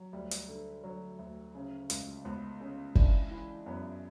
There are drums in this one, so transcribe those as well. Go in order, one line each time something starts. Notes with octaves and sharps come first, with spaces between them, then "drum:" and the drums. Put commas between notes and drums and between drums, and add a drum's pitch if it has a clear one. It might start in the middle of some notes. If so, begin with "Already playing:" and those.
Already playing: F#3
D2 G3
drum: hi-hat
D3
D3 F#3
D2
C#3
C#2, drum: hi-hat
C#2 B3
C#3
E3 D4, drum: kick
E3 E4
F#2 B3